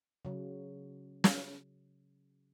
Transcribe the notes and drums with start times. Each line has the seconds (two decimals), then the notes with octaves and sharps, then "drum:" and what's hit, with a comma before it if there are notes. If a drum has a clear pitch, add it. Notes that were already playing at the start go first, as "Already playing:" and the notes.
0.25 C#3 F#3
1.24 drum: snare